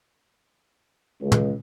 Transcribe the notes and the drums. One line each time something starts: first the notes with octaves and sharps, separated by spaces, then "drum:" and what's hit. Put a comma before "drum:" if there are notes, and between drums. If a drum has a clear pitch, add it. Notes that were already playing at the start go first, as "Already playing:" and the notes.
C#2
drum: tom